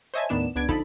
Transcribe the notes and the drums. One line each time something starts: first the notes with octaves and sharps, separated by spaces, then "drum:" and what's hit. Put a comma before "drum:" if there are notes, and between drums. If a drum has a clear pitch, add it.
C5 C#5 D#5 E5 G#5 A5
D#2 A2 D#3 B3 D4 E7
C#2 B3 D4 G#6 D7
D3 F3 D#4 A4 B5, drum: kick